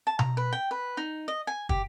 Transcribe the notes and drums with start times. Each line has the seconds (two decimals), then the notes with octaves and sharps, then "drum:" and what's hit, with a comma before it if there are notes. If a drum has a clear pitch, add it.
0.07 A5
0.19 A#5, drum: tom B2
0.37 B4
0.53 G5
0.71 B4
0.97 D#4
1.28 D#5
1.47 G#5
1.69 G4, drum: kick